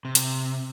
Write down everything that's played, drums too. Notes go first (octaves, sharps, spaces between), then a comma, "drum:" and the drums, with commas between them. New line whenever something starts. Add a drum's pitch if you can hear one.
C3
drum: hi-hat